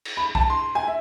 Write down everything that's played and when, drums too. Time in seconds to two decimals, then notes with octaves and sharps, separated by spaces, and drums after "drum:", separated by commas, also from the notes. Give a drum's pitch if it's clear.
0.05 drum: cymbal
0.17 B5
0.35 A5, drum: kick
0.50 C6
0.75 G#5
0.88 E5